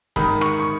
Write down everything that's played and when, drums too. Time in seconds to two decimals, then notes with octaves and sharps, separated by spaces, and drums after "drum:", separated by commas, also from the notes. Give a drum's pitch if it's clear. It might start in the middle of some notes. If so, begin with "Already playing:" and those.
0.16 G#2 D#3 B5, drum: snare
0.41 C#6, drum: rim click
0.60 C#6